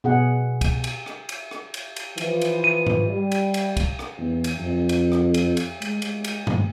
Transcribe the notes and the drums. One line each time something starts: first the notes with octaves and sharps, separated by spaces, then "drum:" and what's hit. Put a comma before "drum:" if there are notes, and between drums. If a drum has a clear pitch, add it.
B2 G#4 F#5
drum: kick, cymbal
drum: cymbal
drum: rim click
drum: cymbal
drum: rim click
drum: cymbal
drum: cymbal
E3 F3, drum: cymbal
drum: cymbal
D#7
drum: tom G#2
G3
drum: cymbal
drum: cymbal
drum: kick, cymbal
drum: rim click
E2
drum: cymbal
F2
drum: cymbal
drum: rim click
drum: cymbal
drum: cymbal
G#3, drum: cymbal
drum: cymbal
drum: cymbal
drum: tom G2